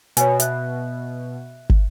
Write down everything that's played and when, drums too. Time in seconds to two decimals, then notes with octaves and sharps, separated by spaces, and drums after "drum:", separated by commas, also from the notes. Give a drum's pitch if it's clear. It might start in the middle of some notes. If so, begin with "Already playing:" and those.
0.17 B2 C#5 G#5, drum: hi-hat
0.40 E5 F#6, drum: hi-hat
1.70 drum: kick